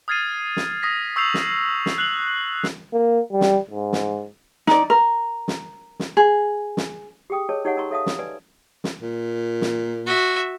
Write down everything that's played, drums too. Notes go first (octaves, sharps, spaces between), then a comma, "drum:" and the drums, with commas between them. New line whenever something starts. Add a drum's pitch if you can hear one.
D#6 F6 G#6 A6 C7 D#7
drum: snare
D#6 A#6 B6
C#6 E6 G6 C7 F7
drum: snare
drum: snare
F#6 C7 F7 F#7
drum: snare
A#3
G3
drum: snare
G#2
drum: snare
D#4 D5, drum: snare
A#4
drum: snare
drum: snare
G#4
drum: snare
G4 G#4 G5 D#6
G#4 A#4 C#5 D#5 A5
D#4 G4 C#5 D#5 F#5 G#5
D#4 A#4 A5 A#5 C6 C#6
A4 C#5 E5 F5 A5 D#6
drum: snare
B4 D5 G#5
drum: snare
A#2
drum: snare
F#4 E5